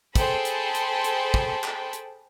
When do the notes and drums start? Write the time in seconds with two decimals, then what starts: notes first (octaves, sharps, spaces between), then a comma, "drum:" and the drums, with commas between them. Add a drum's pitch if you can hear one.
0.15 G#4 A4 C5 G5 A5 B5, drum: kick, hi-hat
0.45 drum: hi-hat
0.75 drum: hi-hat
1.04 drum: hi-hat
1.34 drum: kick
1.63 drum: clap
1.93 drum: hi-hat